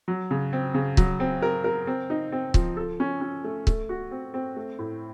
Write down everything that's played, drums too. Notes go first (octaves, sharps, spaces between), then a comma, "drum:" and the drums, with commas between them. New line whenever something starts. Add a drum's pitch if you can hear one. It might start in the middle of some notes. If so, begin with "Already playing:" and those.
F#3
C#3
C4
C#3
F#3, drum: kick C#1
C4
A#4
A#4
C4
D#4
C4
F3, drum: kick C#1
A4
C#4
C#4
A3
A3, drum: kick C#1
F#4
C4
C4
A3
A2